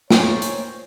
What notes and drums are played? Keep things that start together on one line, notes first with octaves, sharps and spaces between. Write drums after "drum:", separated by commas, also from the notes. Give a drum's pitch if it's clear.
A#2 C5 C#5 G5 G#5, drum: snare
drum: hi-hat